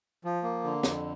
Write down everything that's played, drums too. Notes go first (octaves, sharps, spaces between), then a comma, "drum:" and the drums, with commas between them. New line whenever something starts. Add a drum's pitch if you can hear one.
F3
A#3
D3
F2, drum: snare